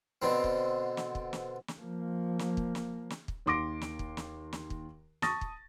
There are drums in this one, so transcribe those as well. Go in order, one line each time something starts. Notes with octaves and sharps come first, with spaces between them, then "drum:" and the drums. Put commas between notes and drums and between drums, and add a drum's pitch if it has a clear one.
B2 D3 C4
drum: kick
drum: snare
drum: kick
drum: snare
drum: snare
F3 A#3
drum: snare
drum: kick
drum: snare
drum: snare
drum: kick
D#2 D#3 C6 D6 A#6 D7
drum: snare
drum: kick
drum: snare
drum: snare
drum: kick
A5 C#6 D#6 A6 A#6, drum: snare
drum: kick